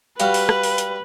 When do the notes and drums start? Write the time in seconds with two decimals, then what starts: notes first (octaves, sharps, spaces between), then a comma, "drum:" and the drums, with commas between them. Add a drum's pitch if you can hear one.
0.20 G3 F#4 B4 F5, drum: hi-hat
0.34 drum: open hi-hat
0.49 drum: rim click
0.64 drum: open hi-hat
0.78 drum: hi-hat